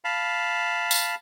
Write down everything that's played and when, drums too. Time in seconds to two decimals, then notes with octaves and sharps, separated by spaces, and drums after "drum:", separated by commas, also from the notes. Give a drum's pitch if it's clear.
0.05 F5 A5 B5
0.91 drum: tambourine